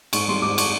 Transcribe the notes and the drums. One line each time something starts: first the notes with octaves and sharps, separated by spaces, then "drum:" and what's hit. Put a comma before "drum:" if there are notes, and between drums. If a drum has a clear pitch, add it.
G#2 C#6, drum: cymbal
G3 C6
G#2 D6
C#6, drum: cymbal